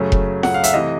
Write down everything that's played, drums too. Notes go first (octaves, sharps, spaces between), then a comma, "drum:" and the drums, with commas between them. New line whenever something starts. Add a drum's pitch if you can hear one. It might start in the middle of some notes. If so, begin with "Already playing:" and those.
Already playing: F#2 C#3 F#3 A3
drum: kick F1
F#5, drum: snare
F5
E5, drum: hi-hat
C3 E3 A3 D#5